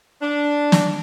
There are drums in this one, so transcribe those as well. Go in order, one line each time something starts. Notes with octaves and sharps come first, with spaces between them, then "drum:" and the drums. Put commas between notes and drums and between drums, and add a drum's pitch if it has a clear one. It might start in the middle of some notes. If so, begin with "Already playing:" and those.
D4
drum: snare